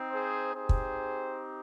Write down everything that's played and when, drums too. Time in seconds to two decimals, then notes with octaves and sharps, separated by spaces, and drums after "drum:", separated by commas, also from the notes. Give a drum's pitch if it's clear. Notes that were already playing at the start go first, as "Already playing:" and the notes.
Already playing: C4 D#4
0.11 G#4 C5
0.54 C4 D#4 G4 G#4 C5
0.69 drum: kick